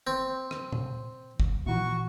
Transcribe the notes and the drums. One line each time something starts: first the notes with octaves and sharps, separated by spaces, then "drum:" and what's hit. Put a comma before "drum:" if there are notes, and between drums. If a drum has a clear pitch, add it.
C4
drum: rim click
drum: tom
drum: kick
A#2 E3 F3 F#4 C#6